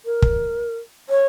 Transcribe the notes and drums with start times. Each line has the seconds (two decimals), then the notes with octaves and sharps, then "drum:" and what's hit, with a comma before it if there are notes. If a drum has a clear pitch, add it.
0.05 A#4
0.22 drum: kick
1.09 C#5